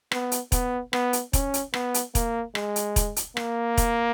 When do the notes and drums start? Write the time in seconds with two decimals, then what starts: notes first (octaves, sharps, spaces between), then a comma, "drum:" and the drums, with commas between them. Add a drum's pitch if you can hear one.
0.12 B3, drum: rim click
0.32 drum: hi-hat
0.52 B3, drum: kick E1, hi-hat
0.93 B3, drum: rim click
1.13 drum: hi-hat
1.33 C#4, drum: kick E1, hi-hat
1.54 drum: hi-hat
1.74 B3, drum: rim click
1.94 drum: hi-hat
2.15 A#3, drum: kick E1, hi-hat
2.55 G#3, drum: rim click
2.76 drum: hi-hat
2.96 drum: kick E1, hi-hat
3.16 drum: hi-hat
3.37 A#3, drum: rim click
3.77 drum: kick E1, hi-hat